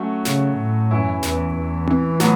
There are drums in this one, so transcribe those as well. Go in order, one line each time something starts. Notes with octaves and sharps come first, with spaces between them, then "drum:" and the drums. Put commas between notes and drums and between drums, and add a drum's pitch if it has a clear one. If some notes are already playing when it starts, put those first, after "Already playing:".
Already playing: F#3 A3 C#4 F#4
C#3, drum: snare
A2
F#2 E3 C#4 E4
E2, drum: snare
E2
E3, drum: tom C4
A2 F#3 B3, drum: snare